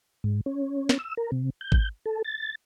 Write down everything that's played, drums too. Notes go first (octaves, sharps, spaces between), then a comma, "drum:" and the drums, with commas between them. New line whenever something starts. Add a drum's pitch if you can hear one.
G#2
C#4
drum: snare
E6
A#4
C3
G6
drum: kick G#1
A4
A6